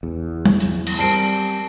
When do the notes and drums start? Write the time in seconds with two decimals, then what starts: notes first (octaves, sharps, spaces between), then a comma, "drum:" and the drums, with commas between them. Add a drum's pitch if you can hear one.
0.03 E2
0.46 drum: tom F#3
0.60 drum: hi-hat
0.86 drum: cymbal
0.99 G3 C4 A#4 A5 C7 D7